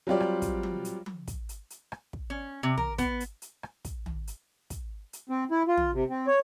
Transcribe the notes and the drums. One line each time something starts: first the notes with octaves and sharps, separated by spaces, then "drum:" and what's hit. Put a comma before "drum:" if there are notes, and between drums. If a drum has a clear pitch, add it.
F#3 G3 C4 F4 G4 D5
drum: rim click
drum: kick, hi-hat
drum: tom F3
drum: hi-hat
drum: tom F3
drum: kick, hi-hat
drum: hi-hat
drum: hi-hat
drum: rim click
drum: kick
C#4
C3
A#4, drum: tom
B3, drum: kick, hi-hat
drum: hi-hat
drum: hi-hat
drum: rim click
drum: kick, hi-hat
drum: tom
drum: hi-hat
drum: kick, hi-hat
drum: hi-hat
C4
E4
F4
drum: tom
C3
C4
C#5